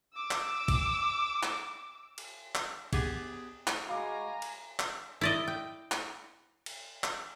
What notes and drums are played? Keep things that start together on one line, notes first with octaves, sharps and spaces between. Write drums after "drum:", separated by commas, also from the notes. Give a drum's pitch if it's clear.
D6 E6
drum: clap
drum: kick, cymbal
drum: clap
drum: cymbal
drum: clap
B3 G4 G#4, drum: kick, cymbal
drum: clap
G#3 F#4 F5 G#5 A#5 B5 D6
drum: cymbal
drum: clap
E4 D5 D#5
G5
drum: clap
drum: cymbal
drum: clap